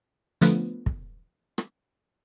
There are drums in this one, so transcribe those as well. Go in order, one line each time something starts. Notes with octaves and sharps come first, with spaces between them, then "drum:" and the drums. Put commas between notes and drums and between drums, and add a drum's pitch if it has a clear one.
D3 F3 A3 B3, drum: hi-hat
drum: kick
drum: rim click